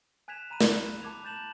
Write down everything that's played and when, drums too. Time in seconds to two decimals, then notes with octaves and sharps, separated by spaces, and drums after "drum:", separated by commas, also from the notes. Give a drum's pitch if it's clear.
0.28 G#5 F#6 G#6 B6 E7 F7
0.50 G#5 A#5 B5 D#7
0.61 drum: snare
1.02 A5 D6 G#6 F7
1.23 A5 G6 A6 E7 F#7